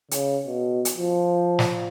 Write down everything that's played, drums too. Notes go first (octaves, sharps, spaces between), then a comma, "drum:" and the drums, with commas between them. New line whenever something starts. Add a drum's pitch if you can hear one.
C#3, drum: hi-hat
B2
drum: hi-hat
F3
drum: snare